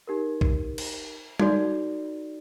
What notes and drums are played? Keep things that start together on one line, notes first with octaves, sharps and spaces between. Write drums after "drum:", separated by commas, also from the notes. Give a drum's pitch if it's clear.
D#4 G4 A#4
drum: kick
drum: cymbal
D#4 F#4 A4 D5, drum: tom G3